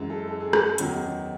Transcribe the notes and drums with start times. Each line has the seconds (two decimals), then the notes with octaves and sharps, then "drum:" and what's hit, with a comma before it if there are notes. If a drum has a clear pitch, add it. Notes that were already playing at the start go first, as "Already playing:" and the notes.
Already playing: F#2 E3 G#3
0.10 A4
0.28 A4
0.40 G#4
0.53 A4, drum: rim click
0.66 G#4
0.78 E2 D#3 F#3 C#4, drum: hi-hat
0.94 B3
1.04 C#4